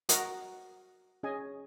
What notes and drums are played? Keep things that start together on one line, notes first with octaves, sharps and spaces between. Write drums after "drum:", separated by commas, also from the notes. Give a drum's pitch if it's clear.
F#4 A#4 D#5 F#5, drum: hi-hat
C#4 G#4 D#5 G#5